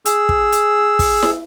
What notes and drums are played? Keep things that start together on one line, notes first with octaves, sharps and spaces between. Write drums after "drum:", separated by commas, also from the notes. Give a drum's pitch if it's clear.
G#4 E6, drum: hi-hat
drum: kick
drum: hi-hat
drum: kick, open hi-hat
drum: snare E4